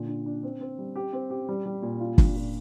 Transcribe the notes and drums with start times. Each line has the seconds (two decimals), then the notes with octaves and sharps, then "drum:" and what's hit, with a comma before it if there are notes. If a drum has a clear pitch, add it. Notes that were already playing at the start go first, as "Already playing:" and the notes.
Already playing: A#2 D3
0.08 D4
0.26 D4
0.43 C4
0.61 C4
0.78 G3
0.96 G4
1.13 C4
1.30 G4
1.49 G3
1.66 G3
1.82 A#2
2.00 F4
2.18 D4, drum: kick F#1
2.36 A#2